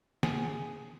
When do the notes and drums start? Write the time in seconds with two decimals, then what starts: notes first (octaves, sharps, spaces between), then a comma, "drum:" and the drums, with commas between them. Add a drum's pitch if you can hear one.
0.23 G#4, drum: snare